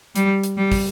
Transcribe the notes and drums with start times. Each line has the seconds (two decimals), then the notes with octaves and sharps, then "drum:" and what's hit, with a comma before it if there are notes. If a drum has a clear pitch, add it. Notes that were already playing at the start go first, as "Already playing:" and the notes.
0.16 G3, drum: hi-hat
0.43 drum: hi-hat
0.57 G3
0.72 drum: kick, open hi-hat